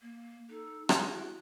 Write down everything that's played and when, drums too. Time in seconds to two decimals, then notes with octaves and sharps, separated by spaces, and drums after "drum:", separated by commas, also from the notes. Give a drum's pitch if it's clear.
0.01 A#3
0.50 D#4 A4
0.89 G#4 F#5, drum: rim click
1.11 E4 F#4